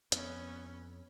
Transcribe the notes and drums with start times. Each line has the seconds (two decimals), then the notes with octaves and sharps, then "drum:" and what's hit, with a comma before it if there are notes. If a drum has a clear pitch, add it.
0.12 F2 B3 C#4, drum: hi-hat